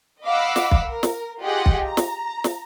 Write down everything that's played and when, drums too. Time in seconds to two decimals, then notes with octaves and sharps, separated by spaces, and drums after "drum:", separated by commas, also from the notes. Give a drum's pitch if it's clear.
0.25 D#5 F5 F#5 B5 D6 E6
0.56 drum: snare
0.71 drum: kick
0.87 A#4
1.03 drum: snare
1.43 F4 G4 G#4 D#5 F#5
1.66 drum: kick
1.87 A#5
1.97 drum: snare
2.44 drum: snare